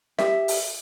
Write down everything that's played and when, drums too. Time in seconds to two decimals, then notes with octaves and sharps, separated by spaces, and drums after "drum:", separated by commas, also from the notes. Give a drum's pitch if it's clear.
0.18 G4 E5, drum: snare
0.48 drum: open hi-hat